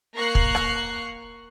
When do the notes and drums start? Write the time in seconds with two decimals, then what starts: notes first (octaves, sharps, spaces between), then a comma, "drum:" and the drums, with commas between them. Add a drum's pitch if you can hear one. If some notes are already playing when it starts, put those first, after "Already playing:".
0.15 A#3 A#5 C#6 F#6 C7
0.35 drum: kick
0.55 drum: rim click